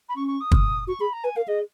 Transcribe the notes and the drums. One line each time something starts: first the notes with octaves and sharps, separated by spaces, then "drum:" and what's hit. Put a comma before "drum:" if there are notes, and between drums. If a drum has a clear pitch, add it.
B5
C#4 C#6
C#6
D#6
drum: kick
F#4 C#6
G#4 B5
A#5
B4 G#5
A#4 F5
G#4 D#5